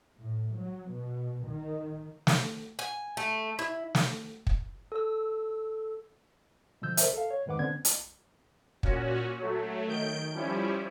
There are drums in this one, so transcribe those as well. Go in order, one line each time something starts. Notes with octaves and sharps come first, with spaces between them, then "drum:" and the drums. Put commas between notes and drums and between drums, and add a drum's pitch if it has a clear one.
A2
F#3
B2
D#3
drum: snare
G#5
A3
E4
drum: snare
drum: kick
A4 E6
B2 D3 F3 E6 G6
A#4 C5 E5, drum: hi-hat
A4 F5
C#5
F2 G#2 D#3 B4 F#5 D6
D3 B3 C4 D4 G#6
drum: hi-hat
A#2 C#4 F#4, drum: kick
F#3 A3
D#3 G6 D7
F3 G3 C#4 E4